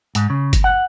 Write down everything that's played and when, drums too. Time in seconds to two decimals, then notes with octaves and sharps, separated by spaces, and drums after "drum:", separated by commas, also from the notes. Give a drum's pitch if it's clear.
0.15 G#2, drum: hi-hat
0.30 C#3
0.53 drum: kick, hi-hat
0.64 F#5